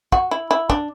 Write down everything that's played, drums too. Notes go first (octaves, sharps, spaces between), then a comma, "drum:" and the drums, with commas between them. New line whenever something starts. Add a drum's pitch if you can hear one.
F#4, drum: kick
E4
E4
D4, drum: kick